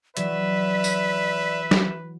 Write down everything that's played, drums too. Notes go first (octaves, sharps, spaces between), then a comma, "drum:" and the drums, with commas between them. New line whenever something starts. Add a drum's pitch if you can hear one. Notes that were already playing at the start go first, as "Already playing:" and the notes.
E3 F#3 B4 D5 E5, drum: hi-hat
drum: tambourine
drum: snare